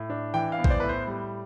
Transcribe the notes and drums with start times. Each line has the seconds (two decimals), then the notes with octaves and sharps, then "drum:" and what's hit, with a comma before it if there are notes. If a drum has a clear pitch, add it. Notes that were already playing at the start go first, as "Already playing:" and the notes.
Already playing: A2
0.10 D4
0.34 E3 G5
0.52 F5
0.59 B3
0.64 C5, drum: kick A#1
0.70 D5
0.80 A2 B4
0.89 C5
1.07 G3